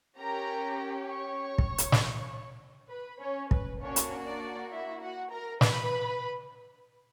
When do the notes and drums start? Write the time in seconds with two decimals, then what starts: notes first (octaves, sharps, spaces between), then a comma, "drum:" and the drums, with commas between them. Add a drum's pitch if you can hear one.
0.18 C#4 G4 A#4 A#5
1.09 C#5 C#6
1.58 drum: kick
1.78 drum: hi-hat
1.92 drum: snare
2.90 B4 B5
3.20 C#4 C#5
3.51 B4, drum: kick
3.80 A#3 C#4 D4 F#4 C#5
3.96 drum: hi-hat
4.26 D4 D5
4.71 E4 E5
5.01 F#4 F#5
5.31 A#4 A#5
5.61 B4 B5, drum: snare